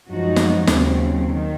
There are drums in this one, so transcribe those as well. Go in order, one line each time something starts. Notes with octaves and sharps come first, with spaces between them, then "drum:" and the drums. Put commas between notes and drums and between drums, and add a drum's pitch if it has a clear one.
F#2 F3 G#3 D#4 F#4
drum: snare
D#2 C#3 F#3 C4, drum: snare
D#3